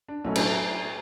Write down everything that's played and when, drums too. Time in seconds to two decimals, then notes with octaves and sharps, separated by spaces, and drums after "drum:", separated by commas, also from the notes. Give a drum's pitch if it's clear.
0.08 D4
0.24 B1 A2 F#3 A3 C#4
0.36 D4, drum: cymbal